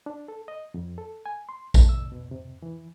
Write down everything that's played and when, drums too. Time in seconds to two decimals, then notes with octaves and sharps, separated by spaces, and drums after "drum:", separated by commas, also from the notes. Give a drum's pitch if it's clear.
0.06 D4
0.28 A4
0.48 D#5
0.74 F2
0.98 A4
1.26 G#5
1.49 C6
1.74 A3, drum: kick A#1, tambourine
1.89 E6
2.12 B2
2.31 C3
2.62 E3